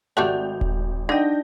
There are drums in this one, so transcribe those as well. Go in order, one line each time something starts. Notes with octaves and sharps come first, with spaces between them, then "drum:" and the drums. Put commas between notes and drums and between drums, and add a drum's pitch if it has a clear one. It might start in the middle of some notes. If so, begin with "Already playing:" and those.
G#1 G3 A3 D4 F#4 F#5 G6 F7
drum: kick D#1
D3 D4 D#4 D#5 G5 G6 A#6